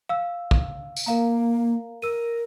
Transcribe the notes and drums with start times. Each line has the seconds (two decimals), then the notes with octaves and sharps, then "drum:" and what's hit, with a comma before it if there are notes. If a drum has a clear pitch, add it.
0.09 F5 E6
0.51 drum: kick
0.96 drum: tambourine
1.06 A#3 A#4 F5 A#5
2.02 A#4 E6 D#7